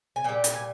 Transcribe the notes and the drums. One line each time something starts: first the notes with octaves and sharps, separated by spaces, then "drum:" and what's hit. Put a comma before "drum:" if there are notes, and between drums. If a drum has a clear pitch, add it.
G#5
A#2 G3 G5
drum: hi-hat
G#5